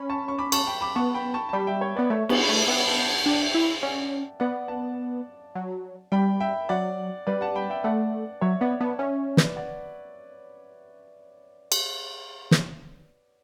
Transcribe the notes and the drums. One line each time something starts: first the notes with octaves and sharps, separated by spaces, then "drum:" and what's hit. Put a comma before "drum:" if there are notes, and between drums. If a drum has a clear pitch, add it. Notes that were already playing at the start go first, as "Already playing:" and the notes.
Already playing: C#4 B5
A5 C#6
C#6
B5 D6
A5 C#6, drum: cymbal
G5 B5
B5 D6
B3 A5 C#6
G5 B5
A5 C#6
A5
G3 G5 B5
E5 G5
C#5 E5
B3 B4 D5
A3 C#5 E5
B3 C#6, drum: cymbal
B5
A3
A5
B3 E5 G5
F#5 A5
F#5 A5
D4 G5
A5
E5 G5
E4
C#4 D5 F#5
B3 D5 F#5
F#5 A5
F#3
G3 G5 B5
E5 G5
F#3 D5 F#5
G3 B4 D5
F#5 A5
G5 B5
E5 G5
A3 D5 F#5
F#3 C#5 E5
B3 D5 F#5
B3 F#5 A5
C#4 C#5 E5
B4 D5, drum: snare
D5 F#5
drum: cymbal
drum: snare